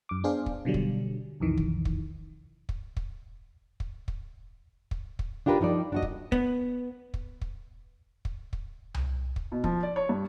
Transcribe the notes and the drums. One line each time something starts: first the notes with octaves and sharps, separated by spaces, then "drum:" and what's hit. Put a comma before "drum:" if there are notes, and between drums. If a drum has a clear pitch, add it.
F#2 D6
B3 D4 G#4 C5 F5
drum: kick
B2 D3 F#3 G3
drum: kick
B1 F2 D#3 E3
drum: kick
drum: kick
drum: kick
drum: kick
drum: kick
drum: kick
drum: kick
drum: kick
D4 F4 G4 A#4 B4
F3 D#4 A#4 D5
D4 F#4 D#5
drum: kick
B3, drum: kick
drum: kick
drum: kick
drum: kick
drum: kick
drum: tom C2
drum: kick
B2
F3, drum: kick
D5
C#5
G2